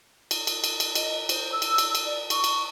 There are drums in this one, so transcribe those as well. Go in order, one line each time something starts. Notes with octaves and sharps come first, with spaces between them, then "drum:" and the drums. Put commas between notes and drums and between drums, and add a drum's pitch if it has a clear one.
drum: cymbal
drum: cymbal
drum: cymbal
drum: cymbal
D#5, drum: cymbal
C5, drum: cymbal
E6
drum: cymbal
drum: cymbal
drum: cymbal
D5
C#6, drum: cymbal
drum: cymbal